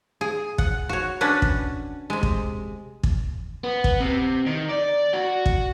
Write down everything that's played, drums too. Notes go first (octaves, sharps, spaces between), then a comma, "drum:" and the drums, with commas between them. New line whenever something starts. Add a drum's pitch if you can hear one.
G#4
F#5, drum: kick
F#4 C#5
C#4 D4 B4 F#5
drum: kick
C3 G#3
drum: kick
drum: kick
B3
drum: kick
C3
D#3
D5
F#4
drum: kick